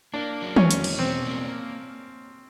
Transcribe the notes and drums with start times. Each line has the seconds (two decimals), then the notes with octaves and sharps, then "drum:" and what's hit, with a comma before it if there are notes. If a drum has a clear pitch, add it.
0.14 A#3 D4
0.42 F#3
0.56 C#4, drum: tom
0.71 E2, drum: hi-hat
0.84 drum: cymbal
0.98 B2 C4
1.26 A#3